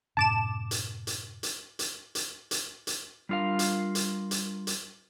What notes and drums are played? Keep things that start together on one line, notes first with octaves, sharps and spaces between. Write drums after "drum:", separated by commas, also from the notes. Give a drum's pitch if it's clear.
F#2 A2 C3 A5 D6 E7
drum: hi-hat
drum: hi-hat
drum: hi-hat
drum: hi-hat
drum: hi-hat
drum: hi-hat
drum: hi-hat
G3 D4 F4 A#4 F5
drum: hi-hat
drum: hi-hat
drum: hi-hat
drum: hi-hat